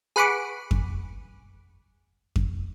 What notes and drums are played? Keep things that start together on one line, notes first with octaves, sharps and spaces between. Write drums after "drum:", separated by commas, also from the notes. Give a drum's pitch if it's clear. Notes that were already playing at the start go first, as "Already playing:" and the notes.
G#4 B4 F#5 B5 C#6 D6
drum: kick F2
drum: kick F2